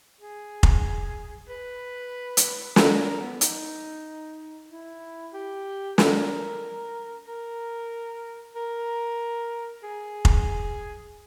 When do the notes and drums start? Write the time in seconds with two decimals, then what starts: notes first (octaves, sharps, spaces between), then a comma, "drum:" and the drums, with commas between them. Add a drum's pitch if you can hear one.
0.20 G#4
0.63 drum: kick F1
1.49 B4
2.37 drum: hi-hat
2.76 A#4, drum: snare
2.98 A#4
3.19 B3
3.41 D#4, drum: hi-hat
4.70 E4
5.33 G4
5.98 A#4, drum: snare
7.27 A#4
8.55 A#4
9.83 G#4
10.25 drum: kick F1